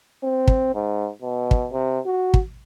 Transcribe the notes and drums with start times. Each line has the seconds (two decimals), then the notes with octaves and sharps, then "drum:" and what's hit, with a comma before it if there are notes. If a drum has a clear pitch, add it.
0.23 C4
0.48 drum: kick
0.74 G#2
1.22 B2
1.51 drum: kick
1.72 C3
2.06 F#4
2.34 drum: kick